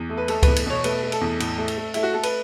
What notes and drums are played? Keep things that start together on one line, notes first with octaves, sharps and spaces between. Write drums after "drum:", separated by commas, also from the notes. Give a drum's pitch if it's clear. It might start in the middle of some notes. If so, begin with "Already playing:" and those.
Already playing: E2
A3
B4
A3 A4, drum: cymbal
E2 B4, drum: kick C#2, cymbal
drum: cymbal
B2 C#5
A3 B4, drum: cymbal
A3
A4, drum: cymbal
E2
A2, drum: cymbal
A3
drum: cymbal
A3
A3 E4, drum: cymbal
F#4
A3 A4
B4, drum: cymbal